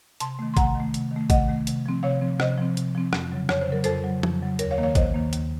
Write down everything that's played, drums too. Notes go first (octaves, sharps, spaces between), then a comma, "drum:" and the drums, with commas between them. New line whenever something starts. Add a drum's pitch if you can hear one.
C3 A5 C6, drum: hi-hat
D#3 A3
C6
C3 F#5 A#5, drum: kick, hi-hat
D#3
A3
C3, drum: hi-hat
D#3 A3
C3 D#5 F#5, drum: kick, hi-hat
D#3 A3
C3, drum: hi-hat
F3 C4
C3 C#5 F5
F3 C4
C3 C5 D#5, drum: rim click
F3 C4
C3, drum: hi-hat
F3 C4
F2, drum: rim click
C#3 F#3
F2 C#5, drum: rim click
C5
C#3 F#3 A#4
F2 A4 C5, drum: hi-hat
F#3
C#3
F2, drum: tom F3
C#3 F#3
D#2 A#4 C#5, drum: hi-hat
C#5 F5
D#3 A#3
C#5 F5
D#2 C5 D#5, drum: kick, hi-hat
D#3 A#3
D#2, drum: hi-hat